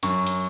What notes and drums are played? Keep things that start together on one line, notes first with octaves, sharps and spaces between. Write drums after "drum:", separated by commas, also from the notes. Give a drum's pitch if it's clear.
F#2 C#6, drum: hi-hat
drum: hi-hat